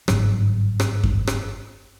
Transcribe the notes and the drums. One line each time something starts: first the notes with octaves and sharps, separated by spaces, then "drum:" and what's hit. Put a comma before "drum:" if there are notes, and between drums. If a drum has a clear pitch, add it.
G1 G#2 F#3, drum: rim click
drum: rim click
drum: kick F#2
drum: rim click